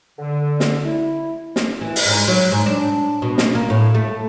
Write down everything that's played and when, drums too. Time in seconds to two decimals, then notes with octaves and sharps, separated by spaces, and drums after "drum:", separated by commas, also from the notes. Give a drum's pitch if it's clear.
0.19 D3
0.60 drum: snare
0.84 E4
1.56 drum: snare
1.81 E3
1.96 drum: open hi-hat
2.05 G#2
2.28 F#3
2.52 G#2
2.66 D4
3.22 B2
3.38 drum: snare
3.55 A#3
3.70 A2
3.94 A3